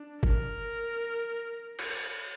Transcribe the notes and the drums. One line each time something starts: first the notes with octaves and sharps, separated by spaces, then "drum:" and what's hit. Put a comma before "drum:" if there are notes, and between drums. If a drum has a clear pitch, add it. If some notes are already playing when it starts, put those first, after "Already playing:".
Already playing: D4
A#4, drum: kick
drum: cymbal